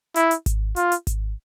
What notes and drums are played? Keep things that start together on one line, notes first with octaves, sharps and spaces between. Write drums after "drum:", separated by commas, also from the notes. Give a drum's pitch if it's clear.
E4, drum: hi-hat
drum: hi-hat
drum: kick G#1, hi-hat
F4, drum: hi-hat
drum: hi-hat
drum: kick G#1, hi-hat